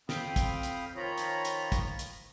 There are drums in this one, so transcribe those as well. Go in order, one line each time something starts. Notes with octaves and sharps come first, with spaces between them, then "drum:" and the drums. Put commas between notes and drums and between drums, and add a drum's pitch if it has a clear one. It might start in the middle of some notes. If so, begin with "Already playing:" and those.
F2 C4 F5 G5 B5 D#6, drum: snare
drum: kick, hi-hat
drum: hi-hat
D#3 F3 F4 C#5 A#5 B5
drum: hi-hat
drum: hi-hat
drum: kick, hi-hat
drum: hi-hat